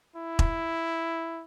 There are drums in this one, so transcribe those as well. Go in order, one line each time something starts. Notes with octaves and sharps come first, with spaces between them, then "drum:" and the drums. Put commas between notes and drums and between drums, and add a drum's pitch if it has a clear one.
E4
drum: kick E1